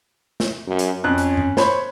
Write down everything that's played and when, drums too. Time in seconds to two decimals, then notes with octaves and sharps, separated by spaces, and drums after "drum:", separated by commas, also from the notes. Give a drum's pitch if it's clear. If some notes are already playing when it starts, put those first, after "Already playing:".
0.40 drum: snare
0.67 F#2
0.79 drum: hi-hat
1.04 F2 C#4 F#6
1.18 drum: hi-hat
1.37 drum: tom G2
1.57 C5 C#5 B5, drum: snare